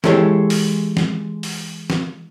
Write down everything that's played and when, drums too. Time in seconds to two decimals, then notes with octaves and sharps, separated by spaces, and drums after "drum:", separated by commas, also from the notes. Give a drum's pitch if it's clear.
0.04 E3 G#3 E4 G4 A4 C#5, drum: snare
0.50 drum: open hi-hat
0.97 drum: snare
1.43 drum: open hi-hat
1.90 drum: snare